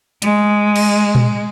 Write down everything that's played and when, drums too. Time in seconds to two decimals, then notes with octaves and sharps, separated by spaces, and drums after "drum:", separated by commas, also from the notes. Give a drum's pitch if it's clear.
0.22 G#3, drum: hi-hat
0.76 drum: cymbal
1.15 drum: tom A#2